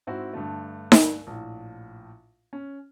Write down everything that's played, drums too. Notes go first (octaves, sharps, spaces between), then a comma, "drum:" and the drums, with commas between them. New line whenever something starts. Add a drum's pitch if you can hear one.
G#2 C4 E4 F#4
G2 D3 A3
drum: snare D#4
A#1 A2
C#4